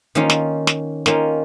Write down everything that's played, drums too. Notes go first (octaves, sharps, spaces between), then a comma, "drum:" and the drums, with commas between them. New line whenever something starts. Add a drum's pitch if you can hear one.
D#3 A#3 C#4 F4, drum: hi-hat
drum: snare
drum: snare
D#3 A#3 C#4 F4, drum: snare